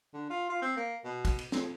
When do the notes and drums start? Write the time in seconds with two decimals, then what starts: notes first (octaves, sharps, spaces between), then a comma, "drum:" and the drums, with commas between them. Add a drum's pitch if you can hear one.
0.14 D3
0.30 F4
0.49 F4
0.62 C4
0.77 A#3
1.05 B2
1.25 drum: kick, cymbal
1.39 drum: cymbal
1.52 F2, drum: snare